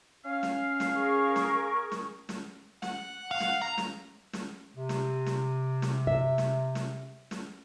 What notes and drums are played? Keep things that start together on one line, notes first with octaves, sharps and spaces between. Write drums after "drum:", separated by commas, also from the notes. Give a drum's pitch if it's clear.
C#4 F5
drum: snare
drum: snare
G#4 A#4 C#6
drum: snare
drum: snare
drum: snare
F#5, drum: snare
F5
drum: snare
A#5
drum: snare
drum: snare
C3
drum: snare
drum: snare
drum: snare
E5
drum: snare
drum: snare
drum: snare